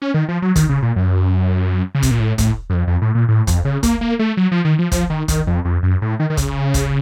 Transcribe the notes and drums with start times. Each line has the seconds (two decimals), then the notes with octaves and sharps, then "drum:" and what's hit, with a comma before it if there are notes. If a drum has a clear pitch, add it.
0.02 C#4
0.14 D#3
0.28 F3
0.42 F#3
0.56 D#3, drum: kick, hi-hat
0.69 C#3
0.82 A#2
0.96 F#2
1.95 C#3
2.03 C3, drum: kick, hi-hat
2.11 A#2
2.20 A2
2.38 A2, drum: kick, hi-hat
2.70 F#2
2.74 F2
2.87 F2
3.02 A2
3.15 A#2
3.29 A2
3.47 F2, drum: kick, hi-hat
3.65 C#3
3.83 A#3, drum: kick, hi-hat
4.01 A#3
4.19 A3
4.37 F#3
4.52 F3
4.65 D#3
4.79 F3
4.92 F3, drum: kick, hi-hat
5.10 D#3
5.28 D#3, drum: kick, hi-hat
5.47 F2
5.65 F2
5.83 F#2
6.02 A2
6.20 D#3
6.30 D#3
6.37 C#3, drum: kick, hi-hat
6.74 drum: kick, hi-hat